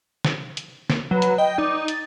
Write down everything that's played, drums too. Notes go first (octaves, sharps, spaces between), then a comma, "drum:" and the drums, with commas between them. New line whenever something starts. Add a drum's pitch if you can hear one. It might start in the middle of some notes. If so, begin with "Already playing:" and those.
drum: snare
drum: hi-hat
drum: snare
F#3 B4
drum: hi-hat
D#5 G5
D#4 D5
A6, drum: hi-hat